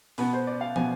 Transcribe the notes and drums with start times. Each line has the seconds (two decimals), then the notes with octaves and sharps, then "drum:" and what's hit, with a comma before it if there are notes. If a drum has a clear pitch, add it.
0.18 B2 B3 B4, drum: open hi-hat
0.33 C5
0.47 D5
0.61 F5
0.76 B2 B3 G#5, drum: tom